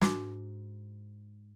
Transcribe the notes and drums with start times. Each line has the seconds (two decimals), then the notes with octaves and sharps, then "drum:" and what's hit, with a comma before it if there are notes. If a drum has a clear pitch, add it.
0.01 G#2 D4 F#4 D6, drum: snare